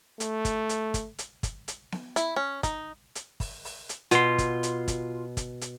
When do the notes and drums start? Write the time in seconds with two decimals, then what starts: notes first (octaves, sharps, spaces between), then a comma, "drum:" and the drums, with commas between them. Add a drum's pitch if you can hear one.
0.20 A3, drum: hi-hat
0.45 drum: kick, hi-hat
0.69 drum: hi-hat
0.94 drum: kick, hi-hat
1.18 drum: hi-hat
1.43 drum: kick, hi-hat
1.68 drum: hi-hat
1.92 drum: snare B3
2.16 E4, drum: hi-hat
2.36 C#4
2.63 D#4, drum: kick, hi-hat
3.15 drum: hi-hat
3.40 drum: kick, open hi-hat
3.65 drum: open hi-hat
3.89 drum: hi-hat
4.11 B2 F4 C6, drum: hi-hat
4.38 drum: kick, hi-hat
4.63 drum: hi-hat
4.88 drum: kick, hi-hat
5.37 drum: kick, hi-hat
5.61 drum: hi-hat